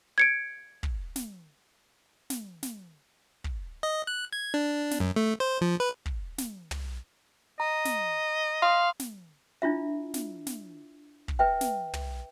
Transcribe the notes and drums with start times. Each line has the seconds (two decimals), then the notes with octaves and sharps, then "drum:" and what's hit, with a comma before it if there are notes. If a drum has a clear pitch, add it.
0.18 G#6 C#7 D7
0.83 drum: kick
1.16 drum: snare
2.30 drum: snare
2.63 drum: snare
3.44 drum: kick
3.83 D#5
4.07 F#6
4.33 G#6
4.54 D4
4.91 drum: snare
5.00 F#2
5.16 A3
5.40 C5
5.61 F3
5.80 B4
6.06 drum: kick
6.38 drum: snare
6.71 drum: tom
7.60 D#5 A#5
7.85 drum: snare
8.62 F5 C6 D#6
9.00 drum: snare
9.62 D4 E4 F4 E5
10.14 drum: snare
10.47 drum: snare
11.28 drum: kick
11.39 B4 E5 G5
11.61 drum: snare
11.93 drum: tom